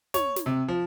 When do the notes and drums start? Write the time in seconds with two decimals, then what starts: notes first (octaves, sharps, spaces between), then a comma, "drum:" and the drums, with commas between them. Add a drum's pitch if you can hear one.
0.14 C#5, drum: snare
0.36 drum: snare
0.46 C3
0.68 F3